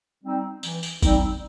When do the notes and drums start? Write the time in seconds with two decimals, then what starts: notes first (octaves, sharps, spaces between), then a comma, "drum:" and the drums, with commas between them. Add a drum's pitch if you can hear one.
0.24 G3 C4 D#4
0.63 E3, drum: tambourine
0.83 drum: tambourine
1.02 G3 C4 D#4, drum: kick G#1, tambourine